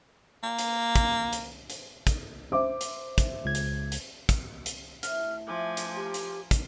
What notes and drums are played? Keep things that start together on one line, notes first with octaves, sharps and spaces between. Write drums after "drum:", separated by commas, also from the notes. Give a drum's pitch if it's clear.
A#3
drum: hi-hat
drum: kick, hi-hat
drum: hi-hat
drum: hi-hat
drum: kick, hi-hat
C5 E5 D6
drum: hi-hat
drum: kick, hi-hat
C#2 G#6
drum: hi-hat
drum: hi-hat
drum: kick, hi-hat
drum: hi-hat
A2 F6, drum: hi-hat
F3 A3 F4 G#5 D6
drum: hi-hat
G4 A#4 C#5 A5
drum: hi-hat
drum: kick, hi-hat